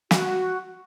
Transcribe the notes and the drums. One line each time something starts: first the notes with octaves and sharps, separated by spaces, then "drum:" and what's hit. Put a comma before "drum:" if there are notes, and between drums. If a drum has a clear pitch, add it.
F#4, drum: snare